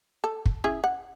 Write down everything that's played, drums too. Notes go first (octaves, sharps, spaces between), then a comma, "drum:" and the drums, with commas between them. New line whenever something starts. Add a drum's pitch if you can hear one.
A4
drum: kick
C#4 E4 G#4
F#5